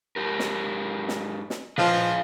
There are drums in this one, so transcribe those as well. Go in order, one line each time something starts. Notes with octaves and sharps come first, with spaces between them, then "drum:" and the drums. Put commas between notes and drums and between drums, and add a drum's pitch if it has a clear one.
G#2 G4 A#4
drum: snare
drum: snare
drum: snare
F3 B4 D#5 F5, drum: tom A#2